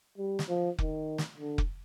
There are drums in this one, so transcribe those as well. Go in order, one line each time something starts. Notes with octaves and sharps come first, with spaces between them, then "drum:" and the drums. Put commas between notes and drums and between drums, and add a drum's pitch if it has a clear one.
G3
drum: snare
F3
D#3, drum: kick F1
drum: snare
D3
drum: kick F1